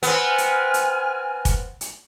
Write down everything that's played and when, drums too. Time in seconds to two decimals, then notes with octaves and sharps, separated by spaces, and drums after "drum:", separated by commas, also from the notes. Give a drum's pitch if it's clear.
0.03 B3 C4 G#5 F6, drum: hi-hat
0.38 drum: hi-hat
0.74 drum: hi-hat
1.45 drum: kick, hi-hat
1.81 drum: hi-hat